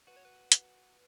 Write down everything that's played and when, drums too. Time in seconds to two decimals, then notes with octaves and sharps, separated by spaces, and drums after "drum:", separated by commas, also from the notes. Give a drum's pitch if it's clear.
0.07 F#4 B4
0.17 C#5
0.25 B4
0.52 drum: hi-hat